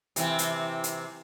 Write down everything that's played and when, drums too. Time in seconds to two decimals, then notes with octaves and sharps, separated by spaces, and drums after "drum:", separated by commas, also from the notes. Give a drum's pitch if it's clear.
0.16 C3 E3 C4, drum: hi-hat
0.39 drum: hi-hat
0.84 drum: hi-hat